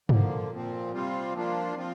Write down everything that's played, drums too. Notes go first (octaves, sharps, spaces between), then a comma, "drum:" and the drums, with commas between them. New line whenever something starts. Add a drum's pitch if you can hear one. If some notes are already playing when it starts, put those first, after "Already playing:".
D3 F3 A#3, drum: tom G2
A#2 F3 C4
C3 G3 C4 F4
F3 A#3 D4 F4
F3 C4 F4